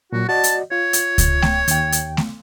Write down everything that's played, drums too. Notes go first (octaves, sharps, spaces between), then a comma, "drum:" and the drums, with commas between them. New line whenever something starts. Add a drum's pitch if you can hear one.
A#2 F#3 F#4
F#4 D5 D#5 A5
drum: hi-hat
F4 C#5
drum: hi-hat
drum: kick C#2, hi-hat
G5, drum: snare A3
D#2 G5, drum: hi-hat
drum: hi-hat
drum: snare A3